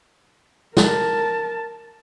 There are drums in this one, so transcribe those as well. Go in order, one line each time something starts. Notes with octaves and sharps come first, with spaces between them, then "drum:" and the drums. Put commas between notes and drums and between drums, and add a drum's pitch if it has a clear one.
A#4 A5, drum: snare